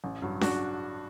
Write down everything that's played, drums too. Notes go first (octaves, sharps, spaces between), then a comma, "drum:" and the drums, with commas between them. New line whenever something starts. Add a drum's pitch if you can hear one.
A1
G2 F#3
D4 F#4, drum: snare C#4